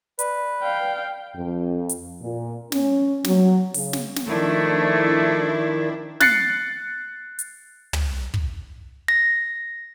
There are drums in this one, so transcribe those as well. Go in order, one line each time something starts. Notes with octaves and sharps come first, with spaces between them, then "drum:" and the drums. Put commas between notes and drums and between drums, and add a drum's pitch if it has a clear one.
B4 D5, drum: hi-hat
F5 G5
F2
drum: hi-hat
A#2
C#4, drum: snare
F#3, drum: snare
C#3, drum: open hi-hat
drum: snare
drum: snare
D#3 F3 A3 D4 E4
F#6 A6 C7 C#7, drum: snare
drum: hi-hat
drum: tom
drum: kick
A#6